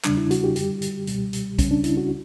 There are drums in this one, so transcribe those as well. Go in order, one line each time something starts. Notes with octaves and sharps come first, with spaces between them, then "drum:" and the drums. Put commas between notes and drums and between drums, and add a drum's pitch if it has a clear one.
E2 C#3 G3 D4, drum: clap
E4
F#4, drum: hi-hat
G4
F#2 D3 G3 G4, drum: hi-hat
drum: hi-hat
C#2 B2 G3, drum: hi-hat
drum: hi-hat
C#2 C#3 G3 C#4, drum: kick, hi-hat
D4
E4, drum: hi-hat
F#4